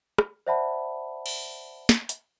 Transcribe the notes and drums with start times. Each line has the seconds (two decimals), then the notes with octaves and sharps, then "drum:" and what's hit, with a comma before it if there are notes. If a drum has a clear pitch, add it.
0.18 drum: rim click
0.47 C5 D5 E5 F#5 A5 B5
1.26 drum: cymbal
1.89 drum: snare
2.09 drum: hi-hat